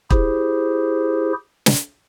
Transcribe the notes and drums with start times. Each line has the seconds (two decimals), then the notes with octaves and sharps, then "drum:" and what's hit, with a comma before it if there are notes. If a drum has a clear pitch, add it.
0.10 E4 G4 G#4 C5, drum: kick
1.66 drum: snare